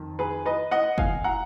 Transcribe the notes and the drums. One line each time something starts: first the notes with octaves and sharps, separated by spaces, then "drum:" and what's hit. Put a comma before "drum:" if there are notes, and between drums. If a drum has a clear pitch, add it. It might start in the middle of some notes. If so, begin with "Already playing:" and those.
Already playing: F2 D#3
G#4 B4
B4 D#5
D#5 F#5
F5 G#5, drum: kick F#1
F#5 A#5